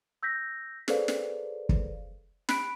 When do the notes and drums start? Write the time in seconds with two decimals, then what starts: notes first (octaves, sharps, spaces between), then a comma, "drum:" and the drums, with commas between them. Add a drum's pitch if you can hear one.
0.23 E6 G6 A#6 B6
0.88 G#4 A4 B4 C5 D5 F5, drum: snare
1.08 drum: snare
1.69 drum: kick
2.49 B5 F#6 B6 D7, drum: snare